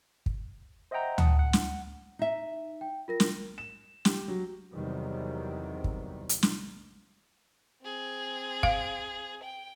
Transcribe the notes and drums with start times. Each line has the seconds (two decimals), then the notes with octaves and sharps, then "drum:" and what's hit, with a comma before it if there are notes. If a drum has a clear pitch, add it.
0.26 drum: kick
0.91 C5 D#5 E5 F#5 G5 A#5
1.18 F#5 A5 D#6, drum: tom D2
1.39 F#5
1.53 drum: snare
2.19 D#4 E5
2.81 G5
3.08 F4 A#4 A#6
3.20 drum: snare
3.58 E7
4.05 G4, drum: snare
4.28 F#3
4.74 E2 C3 D#3 F#3 G3
5.84 drum: kick
6.29 drum: hi-hat
6.43 drum: snare
7.82 C4 G#4
8.63 F5, drum: kick
9.43 G5